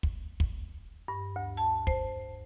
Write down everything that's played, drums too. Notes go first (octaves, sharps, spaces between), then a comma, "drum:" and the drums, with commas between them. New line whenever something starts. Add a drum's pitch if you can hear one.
drum: kick
drum: kick
G2
D2
A5
C5, drum: kick